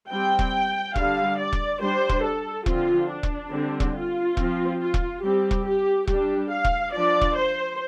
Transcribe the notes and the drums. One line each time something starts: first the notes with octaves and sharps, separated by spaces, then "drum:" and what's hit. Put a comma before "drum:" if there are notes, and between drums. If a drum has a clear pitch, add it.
G3 C4 G5
drum: kick E1
D3 G3 D4 F5, drum: kick E1
D5
drum: kick E1
G3 D4 C5
drum: kick E1
A4
D3 F3 C4 F4, drum: kick E1
D4
drum: kick E1
D3 G3 C4
drum: kick E1
F4
F3 C4, drum: kick E1
F4
drum: kick E1
G3 C4 G4
drum: kick E1
G4
G3 D4 G4, drum: kick E1
F5
drum: kick E1
F3 D4 D5
drum: kick E1
C5